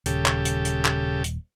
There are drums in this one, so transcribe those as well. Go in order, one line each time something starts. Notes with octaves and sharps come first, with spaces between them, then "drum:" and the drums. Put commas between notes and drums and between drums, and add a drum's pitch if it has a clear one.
D#1 C#3 G4 A4, drum: hi-hat
drum: clap
drum: hi-hat
drum: hi-hat
drum: clap
drum: hi-hat